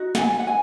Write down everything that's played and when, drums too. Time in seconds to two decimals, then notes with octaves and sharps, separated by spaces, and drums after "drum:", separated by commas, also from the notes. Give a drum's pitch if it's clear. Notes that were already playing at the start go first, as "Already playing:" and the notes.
Already playing: D#4 F#4
0.15 F#5, drum: snare
0.18 G#5
0.39 F#5
0.47 G#5